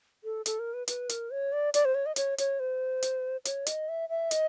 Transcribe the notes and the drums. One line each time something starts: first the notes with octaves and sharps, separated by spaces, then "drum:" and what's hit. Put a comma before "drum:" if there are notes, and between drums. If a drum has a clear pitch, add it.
A4
A4, drum: hi-hat
A#4
B4
B4, drum: hi-hat
A#4, drum: hi-hat
C#5
D5
D5, drum: hi-hat
C5
C#5
D#5
C#5, drum: hi-hat
C#5, drum: hi-hat
C5
drum: hi-hat
C#5, drum: hi-hat
D#5, drum: hi-hat
E5
E5
D#5, drum: hi-hat